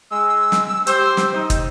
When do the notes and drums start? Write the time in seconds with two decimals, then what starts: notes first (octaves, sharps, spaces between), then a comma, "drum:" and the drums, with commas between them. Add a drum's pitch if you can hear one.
0.11 G#3 E6
0.52 drum: snare
0.87 G4 C5, drum: hi-hat
1.17 drum: snare
1.33 D#4
1.50 drum: kick, hi-hat